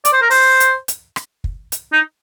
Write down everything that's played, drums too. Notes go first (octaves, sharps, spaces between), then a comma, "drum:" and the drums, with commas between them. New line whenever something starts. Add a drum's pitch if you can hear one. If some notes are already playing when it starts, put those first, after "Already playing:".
D5, drum: hi-hat
C5
A#4
C5, drum: open hi-hat
drum: hi-hat
drum: hi-hat
drum: rim click
drum: kick
drum: hi-hat
D#4